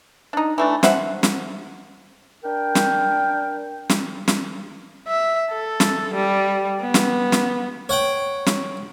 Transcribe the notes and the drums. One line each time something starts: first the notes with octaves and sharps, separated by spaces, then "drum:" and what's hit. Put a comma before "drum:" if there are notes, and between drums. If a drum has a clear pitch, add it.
D4 D#4
E3 A3 D4
C5 E5 F#5, drum: snare
drum: snare
D4 A#4 G5
drum: snare
drum: snare
drum: snare
E5
A4
drum: snare
G3
B3
drum: snare
drum: snare
C#5 F#5 G5
drum: snare